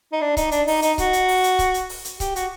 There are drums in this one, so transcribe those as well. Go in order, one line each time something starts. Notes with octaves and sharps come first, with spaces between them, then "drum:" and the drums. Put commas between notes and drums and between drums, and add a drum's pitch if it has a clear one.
D#4
D4
D#4, drum: kick C#1, hi-hat
D4, drum: hi-hat
D#4, drum: open hi-hat
D#4, drum: hi-hat
F#4, drum: kick C#1, hi-hat
drum: hi-hat
drum: open hi-hat
drum: hi-hat
drum: kick C#1, hi-hat
drum: hi-hat
drum: open hi-hat
drum: hi-hat
G4, drum: kick C#1, hi-hat
F#4, drum: hi-hat